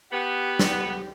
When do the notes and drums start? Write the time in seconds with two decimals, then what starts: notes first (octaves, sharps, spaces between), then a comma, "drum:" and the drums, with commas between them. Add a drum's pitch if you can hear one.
0.12 B3 G4
0.59 drum: snare